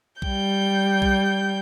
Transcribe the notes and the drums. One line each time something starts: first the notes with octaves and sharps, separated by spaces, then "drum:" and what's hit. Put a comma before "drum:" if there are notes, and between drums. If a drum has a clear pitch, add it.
G3 G5 G6, drum: kick B1
drum: kick B1